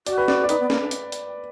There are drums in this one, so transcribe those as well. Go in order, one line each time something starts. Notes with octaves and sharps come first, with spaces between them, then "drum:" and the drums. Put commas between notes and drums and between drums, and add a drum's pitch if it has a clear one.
F#4 D5, drum: hi-hat
B4
D5, drum: snare
D5
D#4 B4, drum: hi-hat
B3
A#3, drum: snare
D4
drum: hi-hat
drum: hi-hat